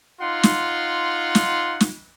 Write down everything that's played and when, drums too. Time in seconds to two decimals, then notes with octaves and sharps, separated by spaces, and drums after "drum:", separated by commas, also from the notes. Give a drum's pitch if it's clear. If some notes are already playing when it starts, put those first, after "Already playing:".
0.21 D#4 F4 F#5 C6
0.43 drum: snare
1.35 drum: snare
1.80 drum: snare